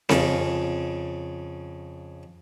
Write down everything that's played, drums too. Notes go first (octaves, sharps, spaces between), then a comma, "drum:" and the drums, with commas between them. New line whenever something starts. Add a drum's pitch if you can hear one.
F2 C#3, drum: snare C4